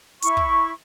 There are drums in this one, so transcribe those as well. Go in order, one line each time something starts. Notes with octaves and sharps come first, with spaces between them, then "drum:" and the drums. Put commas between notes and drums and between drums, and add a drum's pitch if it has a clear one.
E4 C#6, drum: hi-hat
drum: kick